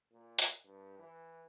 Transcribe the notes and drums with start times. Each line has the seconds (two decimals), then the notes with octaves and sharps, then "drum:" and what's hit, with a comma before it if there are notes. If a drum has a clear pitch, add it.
0.12 A#2
0.39 drum: hi-hat
0.65 G2
0.99 E3